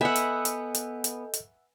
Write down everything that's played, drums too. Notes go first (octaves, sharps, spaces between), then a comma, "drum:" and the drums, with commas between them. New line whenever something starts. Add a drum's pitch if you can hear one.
B3 A4 D#5 E5 F#5 G#5 G6
drum: hi-hat
drum: hi-hat
drum: hi-hat
drum: hi-hat
drum: hi-hat